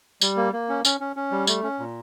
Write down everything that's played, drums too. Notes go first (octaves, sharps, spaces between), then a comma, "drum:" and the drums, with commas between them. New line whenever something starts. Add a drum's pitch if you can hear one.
G3, drum: tambourine
A#3
A#3
C#4
C#4, drum: tambourine
C#4
C#4
G3
A3, drum: tambourine
C#4
A#2